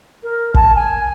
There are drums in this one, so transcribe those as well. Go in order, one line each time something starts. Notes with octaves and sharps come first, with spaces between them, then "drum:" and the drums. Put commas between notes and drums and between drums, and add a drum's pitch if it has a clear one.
A#4
A5, drum: kick
G#5